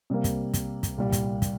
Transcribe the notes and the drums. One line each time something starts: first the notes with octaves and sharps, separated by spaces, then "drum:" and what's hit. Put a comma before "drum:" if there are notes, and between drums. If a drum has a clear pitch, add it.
C3 G3 A#3
drum: kick, hi-hat
drum: kick, hi-hat
drum: kick, hi-hat
C2 A#2 G3
drum: kick, hi-hat
drum: kick, hi-hat